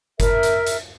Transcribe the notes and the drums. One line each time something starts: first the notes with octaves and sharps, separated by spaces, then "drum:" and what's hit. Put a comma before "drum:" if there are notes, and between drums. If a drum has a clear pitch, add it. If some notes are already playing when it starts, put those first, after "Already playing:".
A#4 E5, drum: kick F#1, hi-hat
drum: hi-hat
drum: hi-hat